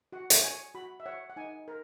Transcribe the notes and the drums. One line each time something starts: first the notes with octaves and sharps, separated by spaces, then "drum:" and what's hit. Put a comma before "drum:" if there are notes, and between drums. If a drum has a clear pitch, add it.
F#4 F#5
drum: hi-hat
C#5 G#5
F#4 B5
E5
C#5 F#5
F#5
D#4 G#5
A#4